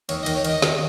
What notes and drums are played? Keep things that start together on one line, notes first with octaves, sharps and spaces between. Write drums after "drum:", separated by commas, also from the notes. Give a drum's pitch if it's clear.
D#2 C#5, drum: cymbal
D#5
D#3, drum: cymbal
C#5
D#3 D#5, drum: cymbal
D#3, drum: snare